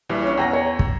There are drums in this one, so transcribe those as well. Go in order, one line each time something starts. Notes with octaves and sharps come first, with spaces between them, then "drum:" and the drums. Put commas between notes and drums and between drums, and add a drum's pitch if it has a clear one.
A#1 E3 G3
C#4 C#6
E2 C#4 F#5 G5 A#5 A#6
C#5
drum: kick